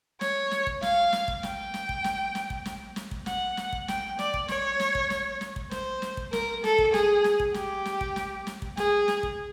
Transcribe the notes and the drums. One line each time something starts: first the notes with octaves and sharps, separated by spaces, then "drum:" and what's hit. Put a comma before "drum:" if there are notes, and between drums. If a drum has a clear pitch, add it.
C#5, drum: snare
drum: snare
drum: kick
F5, drum: snare
drum: snare
drum: kick
G5, drum: snare
drum: snare
drum: kick
drum: snare
drum: snare
drum: kick
drum: snare
drum: snare
drum: kick
F#5, drum: snare
drum: snare
drum: kick
G5, drum: snare
D5, drum: snare
drum: kick
C#5, drum: snare
drum: snare
drum: kick
drum: snare
drum: snare
drum: kick
C5, drum: snare
drum: snare
drum: kick
A#4, drum: snare
A4, drum: snare
drum: kick
G#4, drum: snare
drum: snare
drum: kick
G4, drum: snare
drum: snare
drum: kick
drum: snare
drum: snare
drum: kick
G#4, drum: snare
drum: snare
drum: kick